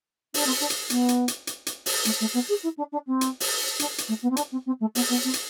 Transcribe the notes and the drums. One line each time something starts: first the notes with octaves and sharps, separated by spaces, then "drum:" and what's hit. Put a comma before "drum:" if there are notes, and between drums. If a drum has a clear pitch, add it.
D4, drum: open hi-hat
C4
D4
drum: hi-hat
B3, drum: hi-hat
drum: hi-hat
drum: hi-hat
drum: hi-hat
drum: hi-hat
drum: open hi-hat
A3, drum: hi-hat
A3
B3
G#4
E4
D4
D4
C4
drum: hi-hat
drum: open hi-hat
D4, drum: hi-hat
drum: hi-hat
A3
B3
C4
D4, drum: hi-hat
C4
C4
A3
B3, drum: open hi-hat
B3
C4
drum: hi-hat